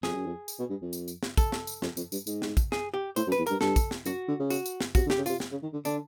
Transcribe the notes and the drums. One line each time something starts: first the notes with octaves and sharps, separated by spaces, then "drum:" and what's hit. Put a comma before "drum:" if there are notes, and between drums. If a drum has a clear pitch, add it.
F2 G#4, drum: snare
F#2
F2
drum: tambourine
B2
G2
F2
drum: tambourine
drum: tambourine
drum: snare
A4, drum: kick, tambourine
drum: snare
drum: tambourine
F2, drum: snare
F2, drum: tambourine
G2, drum: tambourine
G#2, drum: tambourine
drum: snare
drum: kick, tambourine
G#4, drum: snare
G4
A2 C5, drum: tambourine
F#2
B4, drum: tambourine
E2
G2 A#4, drum: tambourine
G2 A4, drum: snare
drum: kick, tambourine
drum: snare
F#2 F#4, drum: tambourine
D3
C#3
F#4, drum: tambourine
drum: tambourine
drum: snare
C3 F#4, drum: kick, tambourine
D3
G4, drum: snare
C#3
C3 F4, drum: tambourine
drum: snare
C#3
D#3
D3
D3 D4, drum: tambourine